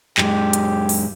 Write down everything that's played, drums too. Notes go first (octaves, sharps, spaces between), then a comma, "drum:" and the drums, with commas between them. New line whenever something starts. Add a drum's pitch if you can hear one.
F#2 G#3 G4, drum: clap
drum: hi-hat
drum: open hi-hat